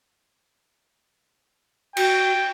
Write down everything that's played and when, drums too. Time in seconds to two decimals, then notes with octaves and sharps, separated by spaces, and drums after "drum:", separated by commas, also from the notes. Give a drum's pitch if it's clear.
1.97 F#4 G5, drum: cymbal